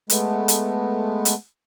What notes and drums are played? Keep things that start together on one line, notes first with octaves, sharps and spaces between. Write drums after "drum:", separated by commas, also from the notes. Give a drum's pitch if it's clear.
G#3 A3 B3, drum: hi-hat
drum: hi-hat
drum: hi-hat